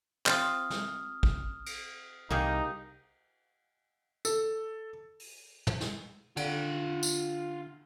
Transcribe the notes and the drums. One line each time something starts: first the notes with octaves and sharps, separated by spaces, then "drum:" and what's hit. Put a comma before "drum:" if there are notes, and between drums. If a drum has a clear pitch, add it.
C4 F4 D#6 F6, drum: clap
drum: snare
drum: kick A1
drum: cymbal
C2 A#3 D#4 G4 G#4
A4, drum: tambourine
drum: open hi-hat
drum: tom
drum: snare
D3 F4 F#5, drum: cymbal
drum: tambourine